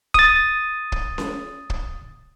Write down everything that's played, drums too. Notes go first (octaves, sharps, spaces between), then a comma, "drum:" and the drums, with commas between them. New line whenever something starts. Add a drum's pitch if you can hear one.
D#6 A6, drum: kick
drum: kick
drum: snare C#4
drum: kick